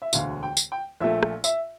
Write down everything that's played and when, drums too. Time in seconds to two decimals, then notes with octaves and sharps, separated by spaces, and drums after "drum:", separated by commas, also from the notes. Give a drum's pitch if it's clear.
0.02 E5
0.13 E1 D2 D3 F5, drum: tambourine
0.43 G5
0.57 drum: tambourine
0.72 G5
1.01 A#1 A#2 A3 E5
1.23 drum: rim click
1.44 E5, drum: tambourine